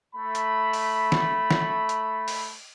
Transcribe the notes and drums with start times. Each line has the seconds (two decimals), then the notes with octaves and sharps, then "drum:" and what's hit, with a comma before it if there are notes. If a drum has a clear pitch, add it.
0.16 A3 B5
0.35 drum: hi-hat
0.73 drum: open hi-hat
1.12 drum: snare
1.51 drum: snare
1.89 drum: hi-hat
2.28 drum: open hi-hat